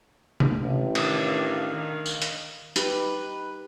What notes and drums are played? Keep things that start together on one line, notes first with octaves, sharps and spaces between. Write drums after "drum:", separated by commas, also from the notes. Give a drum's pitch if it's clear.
drum: tom C3
A1
D#3 D4, drum: cymbal
F5
D#3
drum: tambourine
drum: hi-hat
D#4 G4 B4, drum: hi-hat